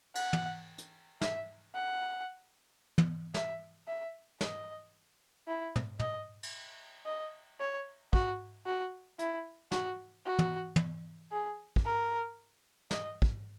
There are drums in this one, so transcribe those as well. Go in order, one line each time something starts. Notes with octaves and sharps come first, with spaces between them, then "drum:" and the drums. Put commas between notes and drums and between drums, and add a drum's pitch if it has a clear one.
F#5, drum: cymbal
drum: tom
drum: hi-hat
E5, drum: snare
F#5
drum: tom
E5, drum: snare
E5
D#5, drum: snare
E4
drum: tom
D#5, drum: tom
drum: cymbal
D#5
C#5
F#4, drum: kick
F#4
E4, drum: hi-hat
F#4, drum: snare
F#4
drum: tom
drum: tom
G#4
drum: kick
A#4
D#5, drum: snare
drum: kick